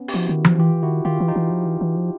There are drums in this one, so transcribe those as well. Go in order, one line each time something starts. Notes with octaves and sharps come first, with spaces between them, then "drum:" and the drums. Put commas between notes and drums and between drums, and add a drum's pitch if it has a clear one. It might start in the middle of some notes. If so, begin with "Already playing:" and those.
Already playing: B3 C#4
G4, drum: open hi-hat
F3 E4 F#4
D#3
F3, drum: tom E3
E3 F4 G4
D#3 E4 F#4
D#3 F4 G4
E3
D#4 F4
E3
F3
E3
E3
F3